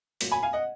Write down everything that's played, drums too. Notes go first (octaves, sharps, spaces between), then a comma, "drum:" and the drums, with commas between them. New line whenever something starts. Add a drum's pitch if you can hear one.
A#2 F#3 A#3, drum: open hi-hat
G#5 B5
F5 G#5
D#5 F#5